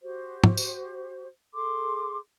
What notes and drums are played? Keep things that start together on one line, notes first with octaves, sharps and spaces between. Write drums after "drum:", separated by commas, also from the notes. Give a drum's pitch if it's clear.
F#4 G4 C5
drum: tom
drum: tambourine
G#4 A4 C6 D6